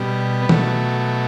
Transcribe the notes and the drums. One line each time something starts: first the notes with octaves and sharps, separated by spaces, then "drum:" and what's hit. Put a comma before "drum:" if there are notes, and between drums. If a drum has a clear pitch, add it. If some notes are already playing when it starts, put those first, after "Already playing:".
Already playing: B2 G3
B3
B2 F#3 A3, drum: tom